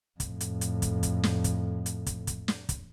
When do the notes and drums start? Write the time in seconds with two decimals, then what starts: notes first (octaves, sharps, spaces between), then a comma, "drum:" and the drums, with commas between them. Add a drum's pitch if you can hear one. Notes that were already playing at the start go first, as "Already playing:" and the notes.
0.20 F2 A2, drum: kick, hi-hat
0.41 drum: hi-hat
0.61 drum: hi-hat
0.82 drum: kick, hi-hat
1.03 drum: kick, hi-hat
1.23 drum: snare
1.44 drum: kick, hi-hat
1.86 drum: hi-hat
2.06 drum: kick, hi-hat
2.27 drum: kick, hi-hat
2.48 drum: snare
2.69 drum: kick, hi-hat